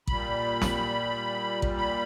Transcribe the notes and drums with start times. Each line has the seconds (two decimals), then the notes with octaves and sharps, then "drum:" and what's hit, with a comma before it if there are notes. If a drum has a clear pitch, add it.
0.07 A#2 G3 B5, drum: kick A1
0.62 drum: snare
1.62 drum: kick A1
1.77 B5